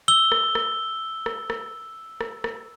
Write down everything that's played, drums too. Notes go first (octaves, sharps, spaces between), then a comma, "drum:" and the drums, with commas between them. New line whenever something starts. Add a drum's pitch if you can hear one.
E6 G7
drum: rim click
drum: rim click
drum: rim click
drum: rim click
drum: rim click
drum: rim click